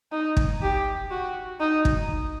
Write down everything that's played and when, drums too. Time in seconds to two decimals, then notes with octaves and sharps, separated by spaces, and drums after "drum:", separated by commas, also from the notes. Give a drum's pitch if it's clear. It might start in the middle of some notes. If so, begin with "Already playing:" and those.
0.12 D#4
0.37 drum: kick
0.62 G4
1.11 F#4
1.60 D#4
1.85 drum: kick